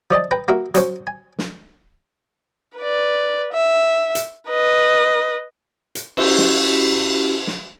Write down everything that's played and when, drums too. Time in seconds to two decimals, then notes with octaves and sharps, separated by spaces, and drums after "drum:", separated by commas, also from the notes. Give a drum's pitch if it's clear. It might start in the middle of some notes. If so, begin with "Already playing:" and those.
0.11 F3 D5 D#5 A5
0.31 B4 G5 A#5
0.48 A#3 F#4 A#4 E5
0.74 F#3 C#4 C5 C#5, drum: hi-hat
1.07 G#5
1.39 drum: snare
2.77 B4 D5
3.53 E5
4.15 drum: hi-hat
4.49 B4 D#5
5.95 drum: hi-hat
6.17 C#4 E4 F#4 G4, drum: cymbal
6.38 drum: snare
7.47 drum: snare